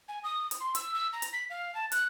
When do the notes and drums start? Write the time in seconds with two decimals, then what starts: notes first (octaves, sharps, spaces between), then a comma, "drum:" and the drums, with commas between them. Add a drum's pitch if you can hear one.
0.08 G#5
0.24 D#6
0.51 drum: hi-hat
0.60 C6
0.75 E6, drum: hi-hat
0.94 E6
1.13 A#5
1.22 drum: hi-hat
1.33 B6
1.50 F5
1.75 A5
1.92 F#6, drum: hi-hat